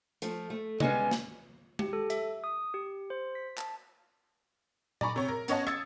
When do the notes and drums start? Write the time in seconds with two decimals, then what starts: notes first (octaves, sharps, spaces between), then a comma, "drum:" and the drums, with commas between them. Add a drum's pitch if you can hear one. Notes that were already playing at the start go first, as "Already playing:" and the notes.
0.22 F3 A3, drum: hi-hat
0.50 A3
0.80 G3 G#3 B3 C#4 E4 D#5, drum: tom C3
1.11 drum: snare
1.79 G4, drum: tom G#3
1.93 A4
2.10 E5, drum: hi-hat
2.44 D#6
2.74 G4
3.10 C5
3.35 B6
3.58 A5, drum: clap
5.01 D5 G#5 A#5 B5 C#6, drum: tom A#2
5.16 C3 C#5
5.28 A#4
5.48 B3 C#4 C#5 D#5 F#5 A5, drum: hi-hat
5.67 D#6 E6 G#6 A6 C#7, drum: rim click